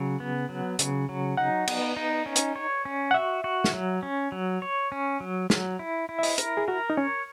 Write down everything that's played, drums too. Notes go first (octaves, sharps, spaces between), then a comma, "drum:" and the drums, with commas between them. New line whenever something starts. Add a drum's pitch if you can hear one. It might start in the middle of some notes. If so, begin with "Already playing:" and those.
Already playing: C#3 F#3
B3
F#3
C#3, drum: hi-hat
F#3
D#4 F#5
B3, drum: cymbal
D#4
C#4
drum: hi-hat
C#5
C#4
F#5
F#4 E5
F#4
drum: snare
F#3
C#4
F#3
C#5
C#4
F#3
F#3, drum: snare
E4
E4
E5
D#5, drum: open hi-hat
A#4, drum: hi-hat
G#4
F#4 A#4
D#4
C#4 C#5